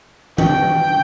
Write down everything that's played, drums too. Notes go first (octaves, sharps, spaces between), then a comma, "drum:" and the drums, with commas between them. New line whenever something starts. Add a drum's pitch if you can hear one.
G5, drum: tom E3